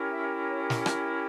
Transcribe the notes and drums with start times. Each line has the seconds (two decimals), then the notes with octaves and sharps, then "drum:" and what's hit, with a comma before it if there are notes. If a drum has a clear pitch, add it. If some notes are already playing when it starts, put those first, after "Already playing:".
Already playing: C#4 E4 G4 A#4
0.12 E5
0.49 C#5
0.70 drum: snare
0.86 E5, drum: rim click